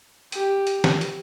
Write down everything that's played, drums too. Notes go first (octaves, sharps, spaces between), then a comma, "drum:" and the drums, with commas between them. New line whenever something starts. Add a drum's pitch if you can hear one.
G4, drum: hi-hat
drum: hi-hat
drum: snare
drum: hi-hat